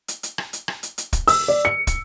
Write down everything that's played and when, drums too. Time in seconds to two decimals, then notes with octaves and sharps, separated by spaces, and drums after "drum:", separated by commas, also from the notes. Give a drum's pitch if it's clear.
0.08 drum: hi-hat
0.23 drum: hi-hat
0.38 drum: rim click
0.53 drum: hi-hat
0.68 drum: rim click
0.83 drum: hi-hat
0.98 drum: hi-hat
1.13 drum: kick, hi-hat
1.28 E6, drum: open hi-hat
1.48 D5
1.65 C#7
1.87 drum: kick, hi-hat